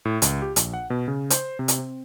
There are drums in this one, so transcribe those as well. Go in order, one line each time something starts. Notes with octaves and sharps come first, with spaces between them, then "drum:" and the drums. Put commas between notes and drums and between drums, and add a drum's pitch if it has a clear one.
A2
C#2, drum: hi-hat
G4
A#1, drum: hi-hat
F#5
B2
C#3
C5, drum: hi-hat
C3
drum: hi-hat
C4